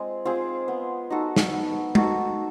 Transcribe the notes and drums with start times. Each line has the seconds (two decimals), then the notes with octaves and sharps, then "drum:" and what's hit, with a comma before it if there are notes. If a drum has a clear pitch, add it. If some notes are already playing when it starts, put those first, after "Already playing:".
Already playing: G#3 C4 F4
0.25 C4 F4 G#4
0.68 B3
1.10 D#4 F#4 A4
1.36 drum: snare
1.53 B3
1.95 D#4 F#4 A4, drum: tom G#3